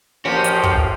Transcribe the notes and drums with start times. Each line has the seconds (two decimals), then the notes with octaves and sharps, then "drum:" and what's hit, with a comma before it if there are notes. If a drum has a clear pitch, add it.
0.25 A1 F3 A#3 C#4 F#4 G4 C5
0.44 drum: hi-hat
0.64 drum: kick